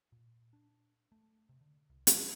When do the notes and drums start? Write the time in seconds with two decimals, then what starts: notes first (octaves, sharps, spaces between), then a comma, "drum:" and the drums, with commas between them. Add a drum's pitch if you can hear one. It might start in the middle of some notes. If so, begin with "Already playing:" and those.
0.12 A#2
0.53 D4
1.12 A3
1.49 C3
1.61 D3
1.90 C2
2.07 A3, drum: hi-hat